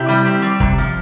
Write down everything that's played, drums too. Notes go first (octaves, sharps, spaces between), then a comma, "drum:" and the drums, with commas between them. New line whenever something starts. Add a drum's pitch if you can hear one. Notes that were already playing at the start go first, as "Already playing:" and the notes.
Already playing: C3 E4 G4
G3
C4
G3
C3, drum: kick F#1
F3